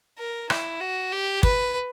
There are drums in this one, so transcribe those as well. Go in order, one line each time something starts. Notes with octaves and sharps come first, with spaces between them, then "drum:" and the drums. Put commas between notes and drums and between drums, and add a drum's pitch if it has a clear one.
A#4
E4, drum: rim click
F#4
G4
B4, drum: kick